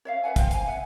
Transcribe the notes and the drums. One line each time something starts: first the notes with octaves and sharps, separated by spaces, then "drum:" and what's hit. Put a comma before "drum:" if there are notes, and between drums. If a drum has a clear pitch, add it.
C#5 E5 F5
B4 E5 F#5 G#5
C5 F5 G5 G#5, drum: kick, hi-hat
F5 G#5, drum: hi-hat
E5 F#5 G#5